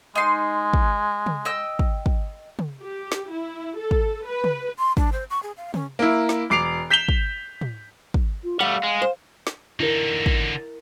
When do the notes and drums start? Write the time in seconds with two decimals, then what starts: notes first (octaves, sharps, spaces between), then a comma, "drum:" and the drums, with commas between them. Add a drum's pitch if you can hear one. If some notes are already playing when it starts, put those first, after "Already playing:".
0.15 G#3 D#4 C6
0.74 drum: kick
1.26 drum: tom
1.45 D#5 G5 E6
1.79 drum: kick
2.06 drum: kick
2.59 drum: tom
2.82 G4
3.12 drum: snare
3.32 E4
3.79 A4
3.91 drum: kick
4.27 B4
4.44 drum: tom
4.78 C6
4.97 D4, drum: kick
5.12 C5
5.30 C#6
5.43 G#4
5.57 F5
5.74 C#4, drum: tom
5.99 A#3 E4
6.29 drum: snare
6.50 E1 D6 C7 D7 F7
6.90 G6 B6 E7 F7 G7
7.09 drum: kick
7.61 drum: tom
8.14 drum: kick
8.44 F4
8.60 G3 A3 F5 F#5
8.83 G#3
9.02 C5
9.47 drum: snare
9.80 D3 D#4 E4 A#4
10.26 drum: kick